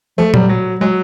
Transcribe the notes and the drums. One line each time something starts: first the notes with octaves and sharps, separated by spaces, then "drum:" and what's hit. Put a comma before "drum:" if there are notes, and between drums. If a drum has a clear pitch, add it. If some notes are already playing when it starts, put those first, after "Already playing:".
F3 A3
F#3 G3, drum: tom A#2
F#3
F#3 G#3